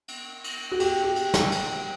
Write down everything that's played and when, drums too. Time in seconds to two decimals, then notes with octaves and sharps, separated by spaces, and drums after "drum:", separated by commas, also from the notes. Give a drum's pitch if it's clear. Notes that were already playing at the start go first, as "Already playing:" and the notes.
0.08 drum: cymbal
0.44 drum: cymbal
0.72 F#4
0.80 G4, drum: cymbal
1.04 G4
1.16 drum: cymbal
1.34 drum: snare
1.52 drum: cymbal